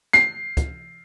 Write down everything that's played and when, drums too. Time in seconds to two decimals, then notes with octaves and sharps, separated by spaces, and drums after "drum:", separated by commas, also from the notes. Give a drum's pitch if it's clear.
0.13 C7, drum: snare
0.57 drum: kick, hi-hat